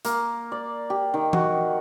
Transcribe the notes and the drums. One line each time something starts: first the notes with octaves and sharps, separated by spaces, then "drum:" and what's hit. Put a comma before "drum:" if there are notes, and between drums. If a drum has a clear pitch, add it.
A#3, drum: hi-hat
D5
G4
D#3
F#4, drum: tom E3